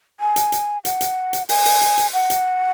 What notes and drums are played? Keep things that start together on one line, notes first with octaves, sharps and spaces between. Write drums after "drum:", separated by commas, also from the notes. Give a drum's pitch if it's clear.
G#5
drum: hi-hat
drum: hi-hat
F#5, drum: hi-hat
drum: hi-hat
drum: hi-hat
G#5, drum: open hi-hat
drum: open hi-hat
drum: hi-hat
drum: hi-hat
F#5
drum: hi-hat